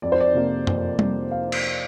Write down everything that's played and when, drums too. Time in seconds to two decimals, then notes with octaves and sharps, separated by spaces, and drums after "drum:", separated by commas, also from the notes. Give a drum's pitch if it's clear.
0.02 F2 D5
0.12 C5
0.20 D5
0.34 C3 A#3
0.67 F2, drum: tom F#2
0.99 C3 A#3, drum: tom G3
1.31 F5
1.52 drum: cymbal